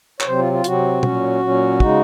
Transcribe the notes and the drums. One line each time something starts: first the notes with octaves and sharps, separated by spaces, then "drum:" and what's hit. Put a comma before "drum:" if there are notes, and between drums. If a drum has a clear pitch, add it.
C#5, drum: clap
C3 F#3 C4 C5
F4
F4
C3 F#3 C4 F#4, drum: hi-hat
A#2 F#3 C#4, drum: tom B2
A#2 F#3 C#4
C#3 G#3 D#4, drum: kick